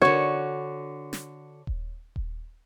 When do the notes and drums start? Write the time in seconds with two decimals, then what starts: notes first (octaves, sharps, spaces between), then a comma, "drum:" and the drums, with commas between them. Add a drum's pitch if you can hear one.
0.02 D3 F#4 C#5
1.13 drum: snare
1.67 drum: kick D#1
2.16 drum: kick D#1